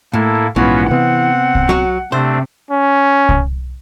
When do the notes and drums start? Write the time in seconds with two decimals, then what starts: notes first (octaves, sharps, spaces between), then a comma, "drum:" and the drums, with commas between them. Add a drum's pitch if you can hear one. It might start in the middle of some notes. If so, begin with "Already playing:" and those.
0.13 A2 A#3 E4 A4
0.56 A#1 G#2 E3 B3 C#4 F4 F#4
0.91 C3 B3 C4 F#5
1.55 drum: kick C2
1.69 F#3 F#4
2.12 C3 A3 C4 D4 C5
2.71 C#4
3.29 drum: kick C2